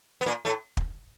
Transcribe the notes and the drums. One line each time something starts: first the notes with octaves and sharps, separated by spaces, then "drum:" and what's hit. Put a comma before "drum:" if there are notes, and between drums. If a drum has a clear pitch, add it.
B3
A#2 A#3
A2 A3
drum: kick